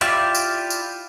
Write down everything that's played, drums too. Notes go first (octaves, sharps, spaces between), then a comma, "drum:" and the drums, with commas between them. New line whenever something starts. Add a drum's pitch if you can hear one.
E4 F4 G4 D5 E5, drum: hi-hat
drum: tambourine
drum: tambourine